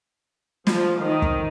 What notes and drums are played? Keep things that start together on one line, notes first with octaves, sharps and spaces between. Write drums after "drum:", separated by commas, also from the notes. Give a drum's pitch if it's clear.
F3, drum: snare
D#3
drum: kick